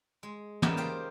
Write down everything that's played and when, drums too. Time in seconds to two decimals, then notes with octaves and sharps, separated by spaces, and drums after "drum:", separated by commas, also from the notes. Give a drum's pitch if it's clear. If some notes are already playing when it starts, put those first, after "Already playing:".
0.23 G#3
0.62 C#3 E3 G3 A#3 B3 D#4, drum: tom
0.77 F4 G4 C5 G5